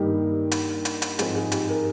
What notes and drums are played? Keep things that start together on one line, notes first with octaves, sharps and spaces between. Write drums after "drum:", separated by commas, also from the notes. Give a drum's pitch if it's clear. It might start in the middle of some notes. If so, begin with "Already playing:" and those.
Already playing: G2 D#3 G3 A#3 D#4 G4
drum: hi-hat
drum: hi-hat
drum: hi-hat
G#2 F3 C4 G#4, drum: hi-hat
G#4
G4, drum: hi-hat
A#4